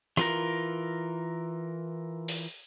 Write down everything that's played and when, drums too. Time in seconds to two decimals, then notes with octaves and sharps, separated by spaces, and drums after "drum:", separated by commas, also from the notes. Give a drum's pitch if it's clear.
0.17 E3 F4 A#4, drum: rim click
2.28 drum: open hi-hat